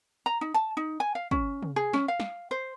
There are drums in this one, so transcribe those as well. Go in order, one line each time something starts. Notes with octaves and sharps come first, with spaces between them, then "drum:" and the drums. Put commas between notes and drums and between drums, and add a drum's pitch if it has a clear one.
A#5
D#4
A5
D#4
G#5
F5
C#4, drum: kick
drum: tom
G#4
C#4, drum: snare
F5
drum: snare
C5